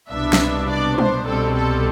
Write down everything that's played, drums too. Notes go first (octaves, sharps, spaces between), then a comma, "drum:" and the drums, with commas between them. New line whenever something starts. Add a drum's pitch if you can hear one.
C2 B2 B3 D4 E5
drum: snare
D5
C5, drum: tom
C2 B2 G3 C4 A4
A4